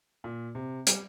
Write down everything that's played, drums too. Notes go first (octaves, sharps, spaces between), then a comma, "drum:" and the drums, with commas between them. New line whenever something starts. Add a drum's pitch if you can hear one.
A#2
C3
G3, drum: hi-hat